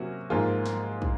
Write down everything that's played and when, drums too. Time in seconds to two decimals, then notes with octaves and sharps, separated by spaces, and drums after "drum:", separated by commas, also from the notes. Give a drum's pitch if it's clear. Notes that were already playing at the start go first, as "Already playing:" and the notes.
Already playing: C3 F#3 A#3 C#4 F#4
0.30 G#2 F3 A#3 F4 G#4
0.66 drum: snare
1.02 drum: kick